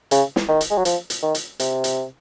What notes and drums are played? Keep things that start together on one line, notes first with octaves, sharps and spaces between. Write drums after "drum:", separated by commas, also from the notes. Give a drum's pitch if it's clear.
C#3, drum: hi-hat
drum: snare
D#3
drum: hi-hat
G#3
F#3
F3, drum: hi-hat
drum: hi-hat
D#3
drum: hi-hat
C3, drum: hi-hat
drum: hi-hat